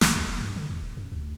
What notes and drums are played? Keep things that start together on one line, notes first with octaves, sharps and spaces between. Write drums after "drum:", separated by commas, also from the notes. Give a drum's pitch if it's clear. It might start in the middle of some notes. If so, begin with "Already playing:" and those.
B1, drum: snare
D#2
E1
G2
D3
E2
D1
F#2
D2